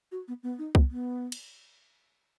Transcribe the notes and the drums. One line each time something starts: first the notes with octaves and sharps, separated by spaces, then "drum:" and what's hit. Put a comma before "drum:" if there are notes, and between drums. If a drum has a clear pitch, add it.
F#4
B3
B3
D#4
B3, drum: kick C2
B3
drum: cymbal